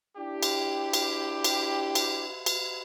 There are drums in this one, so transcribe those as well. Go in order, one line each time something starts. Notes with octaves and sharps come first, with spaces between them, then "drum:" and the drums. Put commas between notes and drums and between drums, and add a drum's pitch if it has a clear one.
D4 E4 G4
drum: cymbal
drum: cymbal
drum: cymbal
drum: cymbal
drum: cymbal